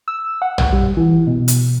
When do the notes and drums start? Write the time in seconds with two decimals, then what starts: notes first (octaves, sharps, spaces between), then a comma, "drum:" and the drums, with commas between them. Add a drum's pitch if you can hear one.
0.08 E6
0.42 F#5
0.58 drum: tom A#1
0.72 G3
0.97 E3
1.27 B2
1.48 drum: hi-hat